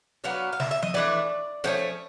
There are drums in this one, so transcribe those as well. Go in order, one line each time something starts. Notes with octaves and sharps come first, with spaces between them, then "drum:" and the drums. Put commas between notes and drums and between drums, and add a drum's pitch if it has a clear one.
F#3 B3 D4 F5
F5
E5, drum: snare
E5
D#5, drum: tom F3
E3 A3 D4 D5
D3 F3 A3 C#4